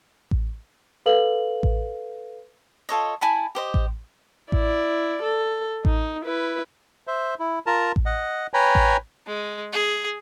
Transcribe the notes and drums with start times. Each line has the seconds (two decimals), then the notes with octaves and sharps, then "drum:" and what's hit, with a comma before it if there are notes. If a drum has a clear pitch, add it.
0.31 drum: kick A1
1.06 A4 B4 F5 F#7
1.63 drum: kick A1
2.89 F4 A4 C#5 D#5
3.21 E4 G#5 A5 B5
3.55 G4 C5 D#5
3.74 drum: kick A1
4.52 E4 D5, drum: kick A1
5.23 A4
5.85 D#4, drum: kick A1
6.25 E4 B4
7.07 C5 E5
7.39 E4
7.67 F4 A#4 A5 A#5
7.96 drum: kick A1
8.06 D#5 F#5
8.54 B4 C#5 G5 G#5 A#5 B5
8.75 drum: kick A1
9.26 G#3
9.73 G#4